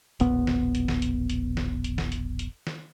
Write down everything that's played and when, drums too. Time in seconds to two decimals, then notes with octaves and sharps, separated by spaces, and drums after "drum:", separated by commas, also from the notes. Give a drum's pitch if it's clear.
0.20 E1 A#1 B3, drum: hi-hat
0.47 drum: snare
0.75 drum: hi-hat
0.88 drum: snare
1.02 drum: hi-hat
1.30 drum: hi-hat
1.57 drum: snare
1.84 drum: hi-hat
1.98 drum: snare
2.12 drum: hi-hat
2.39 drum: hi-hat
2.67 drum: snare